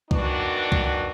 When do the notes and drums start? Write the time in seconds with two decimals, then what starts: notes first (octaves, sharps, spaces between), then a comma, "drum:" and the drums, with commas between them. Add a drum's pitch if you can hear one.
0.11 D#3 E3 B3 D4 F#4, drum: kick C2
0.72 drum: kick C2